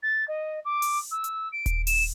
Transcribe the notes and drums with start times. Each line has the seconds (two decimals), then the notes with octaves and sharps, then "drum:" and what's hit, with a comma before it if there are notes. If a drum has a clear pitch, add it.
0.03 A6
0.28 D#5
0.65 D6
0.82 drum: open hi-hat
1.11 E6
1.24 drum: hi-hat
1.52 D7
1.66 drum: kick D#1, hi-hat
1.87 E7, drum: open hi-hat